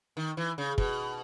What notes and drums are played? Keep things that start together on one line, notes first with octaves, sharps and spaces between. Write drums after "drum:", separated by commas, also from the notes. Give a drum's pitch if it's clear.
D#3
E3
C#3
B2, drum: kick